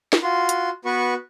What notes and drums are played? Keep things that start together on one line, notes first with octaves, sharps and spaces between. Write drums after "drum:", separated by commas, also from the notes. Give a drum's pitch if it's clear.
drum: snare
F4 F#4 C6
drum: hi-hat
B3 F#4 B4 C#6